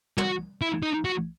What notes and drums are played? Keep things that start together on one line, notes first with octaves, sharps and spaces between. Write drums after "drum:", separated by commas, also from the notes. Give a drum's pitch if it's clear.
F#4, drum: tom
E4
D#4
F#4